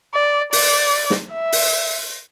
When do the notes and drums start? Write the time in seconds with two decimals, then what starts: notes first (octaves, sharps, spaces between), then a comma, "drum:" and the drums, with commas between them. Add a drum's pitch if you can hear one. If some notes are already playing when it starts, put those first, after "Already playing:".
0.14 D5
0.53 D5, drum: open hi-hat
1.10 drum: snare
1.32 E5
1.52 drum: open hi-hat